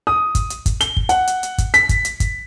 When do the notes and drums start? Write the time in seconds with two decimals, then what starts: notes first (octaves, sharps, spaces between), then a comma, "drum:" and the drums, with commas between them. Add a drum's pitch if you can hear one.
0.07 D#6
0.35 drum: kick, hi-hat
0.50 drum: hi-hat
0.66 drum: kick, hi-hat
0.81 G7, drum: hi-hat
0.97 drum: kick
1.09 F#5, drum: hi-hat
1.27 drum: hi-hat
1.43 drum: hi-hat
1.58 drum: kick, hi-hat
1.74 B6, drum: hi-hat
1.89 drum: kick, hi-hat
2.05 drum: hi-hat
2.20 drum: kick, hi-hat